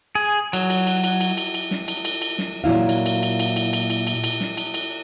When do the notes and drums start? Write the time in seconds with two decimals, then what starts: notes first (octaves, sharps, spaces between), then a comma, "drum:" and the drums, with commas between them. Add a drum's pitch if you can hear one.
0.15 G#4
0.53 F#3, drum: cymbal
0.70 drum: cymbal
0.87 drum: cymbal
1.04 drum: cymbal
1.21 drum: cymbal
1.37 drum: cymbal
1.54 drum: cymbal
1.71 drum: snare
1.88 drum: cymbal
2.05 drum: cymbal
2.22 drum: cymbal
2.38 drum: snare
2.64 A#2 F#3 E4 F5
2.89 drum: cymbal
3.06 drum: cymbal
3.23 drum: cymbal
3.40 drum: cymbal
3.56 drum: cymbal
3.73 drum: cymbal
3.90 drum: cymbal
4.07 drum: cymbal
4.24 drum: cymbal
4.41 drum: snare
4.57 drum: cymbal
4.74 drum: cymbal